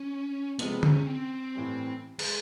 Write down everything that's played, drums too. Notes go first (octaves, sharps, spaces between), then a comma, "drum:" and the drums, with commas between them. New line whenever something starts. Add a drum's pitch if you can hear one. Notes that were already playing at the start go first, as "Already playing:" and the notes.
Already playing: C#4
C3 F3 G#3 B3, drum: hi-hat
C#4, drum: tom
C4
A2 E3 G3
G#3, drum: cymbal